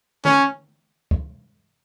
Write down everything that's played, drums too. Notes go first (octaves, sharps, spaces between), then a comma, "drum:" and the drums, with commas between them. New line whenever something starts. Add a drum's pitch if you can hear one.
C#4, drum: tom D3
drum: kick